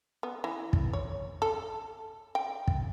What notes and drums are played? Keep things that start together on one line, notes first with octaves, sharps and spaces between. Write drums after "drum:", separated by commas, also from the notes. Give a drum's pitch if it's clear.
B3
E3
drum: kick
C#5
A4
G5
drum: kick